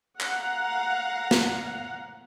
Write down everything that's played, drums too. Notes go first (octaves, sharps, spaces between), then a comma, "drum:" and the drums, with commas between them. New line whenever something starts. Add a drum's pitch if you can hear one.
F5 F#5 A#5, drum: clap
drum: snare